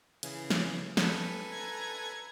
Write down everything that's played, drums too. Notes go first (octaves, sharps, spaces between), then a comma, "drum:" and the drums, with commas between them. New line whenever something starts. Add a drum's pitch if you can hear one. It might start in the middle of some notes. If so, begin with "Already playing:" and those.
C#3 E3 G#4, drum: hi-hat
drum: snare
A4 B4 G#5, drum: snare
A#5 G#6